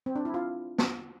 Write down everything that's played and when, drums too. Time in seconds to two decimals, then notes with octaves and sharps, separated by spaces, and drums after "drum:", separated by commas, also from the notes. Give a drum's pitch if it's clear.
0.06 C4
0.16 D4
0.25 E4
0.34 F4
0.78 drum: snare